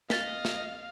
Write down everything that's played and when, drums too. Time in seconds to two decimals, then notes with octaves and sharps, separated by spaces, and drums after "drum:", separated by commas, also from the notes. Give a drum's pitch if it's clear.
0.10 D#5 F5 A6 B6, drum: snare
0.45 drum: snare